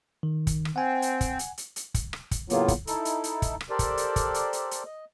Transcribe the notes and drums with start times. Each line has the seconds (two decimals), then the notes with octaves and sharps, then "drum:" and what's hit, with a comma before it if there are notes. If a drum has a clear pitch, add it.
0.23 D#3
0.47 drum: kick, hi-hat
0.65 drum: rim click
0.76 C4 F#5 G#5
1.02 drum: hi-hat
1.21 drum: kick, hi-hat
1.39 drum: hi-hat
1.58 drum: hi-hat
1.76 drum: hi-hat
1.94 drum: kick, hi-hat
2.13 drum: rim click
2.31 drum: kick, hi-hat
2.50 A2 C#3 F#3 A#3 B3 F4, drum: hi-hat
2.68 drum: kick, hi-hat
2.87 D#4 E4 A4, drum: hi-hat
3.05 drum: hi-hat
3.24 drum: hi-hat
3.42 drum: kick, hi-hat
3.61 drum: rim click
3.70 G4 A4 A#4 C5 D5
3.79 drum: kick, hi-hat
3.97 drum: hi-hat
4.16 drum: kick, hi-hat
4.34 drum: hi-hat
4.53 drum: hi-hat
4.71 drum: hi-hat
4.86 D#5